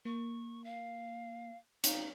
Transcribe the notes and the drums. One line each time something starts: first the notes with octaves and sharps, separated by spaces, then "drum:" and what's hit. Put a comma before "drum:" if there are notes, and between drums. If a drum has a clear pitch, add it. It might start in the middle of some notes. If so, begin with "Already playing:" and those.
A#3 C#6
F5
D#4 C#5 F5, drum: hi-hat